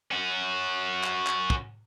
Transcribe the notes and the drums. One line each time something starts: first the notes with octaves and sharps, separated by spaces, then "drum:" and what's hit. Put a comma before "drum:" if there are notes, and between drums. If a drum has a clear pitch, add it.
C#4 F#4
drum: clap
drum: clap
drum: kick